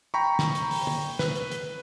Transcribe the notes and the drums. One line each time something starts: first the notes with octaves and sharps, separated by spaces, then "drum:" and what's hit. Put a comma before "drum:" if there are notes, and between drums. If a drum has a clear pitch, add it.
G5 A#5 B5 C#6
drum: snare
drum: hi-hat
drum: open hi-hat
drum: tom
B4, drum: snare
drum: hi-hat
drum: hi-hat